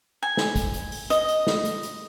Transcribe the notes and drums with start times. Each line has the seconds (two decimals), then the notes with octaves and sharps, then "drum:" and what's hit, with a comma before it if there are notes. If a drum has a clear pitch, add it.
0.23 G#5
0.37 drum: snare
0.56 drum: kick, hi-hat
0.74 drum: hi-hat
0.92 drum: open hi-hat
1.10 D#5, drum: hi-hat
1.29 drum: hi-hat
1.47 drum: snare
1.65 drum: hi-hat
1.83 drum: hi-hat